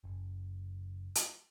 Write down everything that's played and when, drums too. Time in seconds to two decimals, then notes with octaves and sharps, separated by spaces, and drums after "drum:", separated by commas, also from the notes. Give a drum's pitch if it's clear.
0.04 F#1
1.15 drum: hi-hat